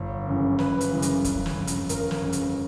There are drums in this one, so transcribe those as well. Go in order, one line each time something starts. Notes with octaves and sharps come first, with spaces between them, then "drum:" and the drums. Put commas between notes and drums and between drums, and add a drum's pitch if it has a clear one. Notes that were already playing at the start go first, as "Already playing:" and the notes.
Already playing: G1 C#5
F#2 C#3 E3
G1 B4, drum: snare
drum: hi-hat
F#2 C#3 E3
drum: hi-hat
G1, drum: kick, hi-hat
drum: snare
F2 C#3
drum: hi-hat
G1 A#4, drum: hi-hat
drum: snare
F2 C#3
drum: hi-hat